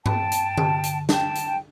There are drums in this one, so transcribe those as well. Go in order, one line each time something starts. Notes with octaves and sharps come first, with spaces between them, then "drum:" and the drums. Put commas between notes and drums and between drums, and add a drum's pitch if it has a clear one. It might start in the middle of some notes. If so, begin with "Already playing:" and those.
G5 A5, drum: tom G2
drum: hi-hat
drum: tom D3
drum: hi-hat
G5 A5, drum: snare
drum: hi-hat